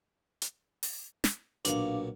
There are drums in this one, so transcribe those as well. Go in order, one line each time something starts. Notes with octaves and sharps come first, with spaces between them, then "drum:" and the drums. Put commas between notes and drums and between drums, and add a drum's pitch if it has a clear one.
drum: hi-hat
drum: open hi-hat
drum: snare
B1 A#2 D4 F5, drum: hi-hat